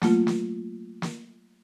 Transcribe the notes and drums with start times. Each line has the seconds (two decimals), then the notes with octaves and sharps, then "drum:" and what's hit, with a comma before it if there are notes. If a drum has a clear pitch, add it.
0.02 F#3 A3 A#3 F4, drum: snare
0.27 drum: snare
1.02 drum: snare